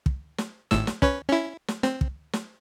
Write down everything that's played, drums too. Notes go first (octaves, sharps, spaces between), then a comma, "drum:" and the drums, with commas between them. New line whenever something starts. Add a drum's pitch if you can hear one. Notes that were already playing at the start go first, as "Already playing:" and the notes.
drum: kick
drum: snare
G#1 A2 E6, drum: snare
drum: snare
C#4 B4 C#5, drum: kick
C#4 E4
drum: snare
C4, drum: snare
drum: kick
drum: snare